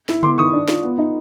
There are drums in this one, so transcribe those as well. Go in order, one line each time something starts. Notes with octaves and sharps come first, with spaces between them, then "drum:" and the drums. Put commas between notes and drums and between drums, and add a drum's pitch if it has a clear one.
E4, drum: snare
B3 C6 D6, drum: tom C#3
D#3 C#6 D#6
D4
F4, drum: snare
B3
D#4